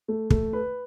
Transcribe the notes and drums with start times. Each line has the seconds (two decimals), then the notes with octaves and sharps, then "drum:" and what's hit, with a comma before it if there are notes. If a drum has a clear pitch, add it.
0.08 A3
0.30 A3, drum: kick
0.53 B4